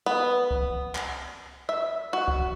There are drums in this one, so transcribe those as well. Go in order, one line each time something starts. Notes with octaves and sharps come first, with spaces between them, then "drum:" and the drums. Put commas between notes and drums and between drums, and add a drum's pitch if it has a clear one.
B3
drum: kick C2
drum: clap
E5
F#4
drum: kick C2